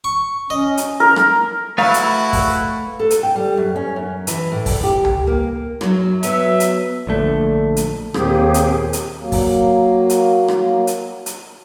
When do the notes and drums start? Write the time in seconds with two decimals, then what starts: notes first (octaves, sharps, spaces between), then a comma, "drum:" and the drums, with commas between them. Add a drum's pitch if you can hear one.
0.04 C#6
0.50 C#4 D#5
0.77 drum: hi-hat
1.00 A#4
1.16 drum: rim click
1.78 A3 E4 F#4 B4 F5
1.94 drum: hi-hat
2.33 drum: kick, open hi-hat
2.99 A4
3.10 drum: hi-hat
3.23 G5
3.36 G3
3.57 F#2
3.76 C#4
3.96 F#2
4.27 E3, drum: hi-hat
4.52 A2
4.66 drum: kick, open hi-hat
4.83 G4
5.05 drum: tom C#2
5.27 A#3
5.81 F#2 F#3, drum: rim click
6.23 F#3 B3 E5, drum: hi-hat
6.60 drum: hi-hat
7.07 A#1 D3 A3
7.77 drum: hi-hat
8.14 D#2 A#2 D#3 C4 G4 G#4, drum: rim click
8.54 drum: hi-hat
8.93 drum: hi-hat
9.19 F#3 A#3
9.32 drum: kick, open hi-hat
10.10 drum: hi-hat
10.48 drum: rim click
10.87 drum: hi-hat
11.26 drum: hi-hat